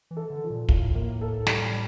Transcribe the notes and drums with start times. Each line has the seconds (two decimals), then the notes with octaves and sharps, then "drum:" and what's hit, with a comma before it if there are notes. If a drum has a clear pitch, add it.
0.11 E3
0.17 A4
0.30 D3
0.44 F3
0.50 A#2
0.69 A2 F4, drum: kick
0.95 A#3
1.21 A4
1.47 G3, drum: snare